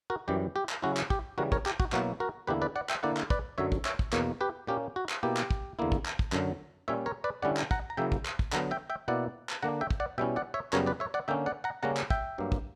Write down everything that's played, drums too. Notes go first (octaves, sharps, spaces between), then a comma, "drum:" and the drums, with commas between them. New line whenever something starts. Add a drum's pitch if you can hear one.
F#4 A#4
F#2 E3 G3 G4
G4
drum: clap
C#3 F#3 C#4 E4 F#4
drum: clap
G4, drum: kick
C#3 E3 G3 F#4 A#4
A#4 C#5, drum: kick
G4, drum: clap
F#4, drum: kick
B2 F#3 A#3 E4 F#4, drum: clap
F#4 A#4
E2 D3 A#3 E4 G4 B4
B4 D5
D5 F#5
E5 G5, drum: clap
D3 A#3 E4 D5 F#5
drum: clap
B4 D5, drum: kick
F#2 D3 F#3 C#5 E5
drum: kick
C#5 E5, drum: clap
drum: kick
E2 B2 A#3 A#4 C#5, drum: clap
G4 B4
A#2 A#3 C#4 G4
F#4
drum: clap
B2 A#3 E4 G4
drum: clap
drum: kick
E2 D3 A#3 E4
drum: kick
drum: clap
drum: kick
F#2 D3 F#3, drum: clap
A#2 G3 C#4 C#5 E5
A#4 C#5
B4 D5
D3 G3 C#4 E4 D5 F#5
drum: clap
F#5 A#5, drum: kick
A#5
C#3 F#3 A#3 E4 E5 G5
drum: kick
drum: clap
drum: kick
D3 F#3 B3 F#5 A#5, drum: clap
E5 G5
E5 G5
B2 A#3 E4 D5 F#5
drum: clap
D3 A#3 D4 F#5 A#5
E5 G5
drum: kick
D5 F#5
B2 G3 C#4 E4 E5 G5
D5 F#5
C#5 E5
F#2 C#3 G3 B3 A#4 C#5, drum: clap
B4 D5
C#5 E5
D5 F#5
D3 A#3 C#4 E5 G5
D5 F#5
F#5 A#5
C#3 G3 A#3 C#4 F#5 A#5
drum: clap
E5 G5, drum: kick
G2 F#3 A#3
drum: kick